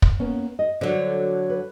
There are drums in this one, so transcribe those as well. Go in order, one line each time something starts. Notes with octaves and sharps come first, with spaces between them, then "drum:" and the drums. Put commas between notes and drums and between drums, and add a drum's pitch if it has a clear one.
drum: kick
A#3 B3 C#4
D#5
D3 F#3 C5 D5
B4